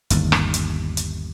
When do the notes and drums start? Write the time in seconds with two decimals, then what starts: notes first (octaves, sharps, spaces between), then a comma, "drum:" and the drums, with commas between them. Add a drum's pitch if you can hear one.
0.10 G1 D#2, drum: hi-hat
0.32 drum: rim click
0.54 drum: hi-hat
0.97 drum: hi-hat